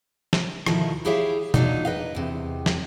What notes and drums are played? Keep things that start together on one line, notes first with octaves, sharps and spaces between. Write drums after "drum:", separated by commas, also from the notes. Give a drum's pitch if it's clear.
drum: snare
D2 B2 D#3 F3 E4, drum: rim click
E4 G4 G#4 C#5 E5 F5
E2 A#2 F3 F#3 D4 D#4, drum: tom
A#4 B4 D#5 F5
E2 C3
drum: snare